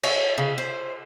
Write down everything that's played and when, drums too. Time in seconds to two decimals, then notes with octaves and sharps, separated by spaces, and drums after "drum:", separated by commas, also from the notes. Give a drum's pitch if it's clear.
0.03 C#5, drum: cymbal
0.38 C#3
0.58 C5